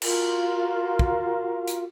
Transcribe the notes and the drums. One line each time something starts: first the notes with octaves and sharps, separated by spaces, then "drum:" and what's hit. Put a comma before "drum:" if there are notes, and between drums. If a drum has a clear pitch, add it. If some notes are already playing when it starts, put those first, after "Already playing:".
F4 F#4 A#4 F5, drum: cymbal
drum: kick
drum: hi-hat